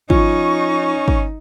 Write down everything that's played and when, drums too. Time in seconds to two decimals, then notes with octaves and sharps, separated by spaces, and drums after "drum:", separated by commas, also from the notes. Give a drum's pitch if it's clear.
0.10 F3 C#4 D#4 C#6, drum: kick
1.08 drum: kick